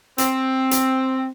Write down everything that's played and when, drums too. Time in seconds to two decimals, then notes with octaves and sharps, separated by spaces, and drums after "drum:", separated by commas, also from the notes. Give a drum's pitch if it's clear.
0.18 C4, drum: hi-hat
0.71 drum: hi-hat